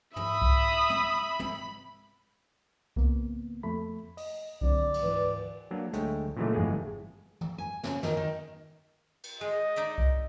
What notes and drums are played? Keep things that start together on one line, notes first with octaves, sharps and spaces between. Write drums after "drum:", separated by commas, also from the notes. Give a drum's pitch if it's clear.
E5 B5 D#6, drum: tom
drum: kick C2
drum: tom
drum: tom
C#3 A#3 B3, drum: kick C2
F2 A3 B5
D#5, drum: open hi-hat
D3 F#3 C4 D5, drum: kick C2
drum: cymbal
D2 G#2 E3 B4
F#3 A#3 D4
D2 G#3 A3 C#5 G5, drum: hi-hat
A#2 C#3 E3 F#3 G#3 A3
G1 F2 A2 E3 G#3 G#4
drum: tom
G#5
C#3, drum: snare
D#3, drum: snare
D#3
drum: cymbal
G#3 D#5
D#4 D5 E5
drum: kick C2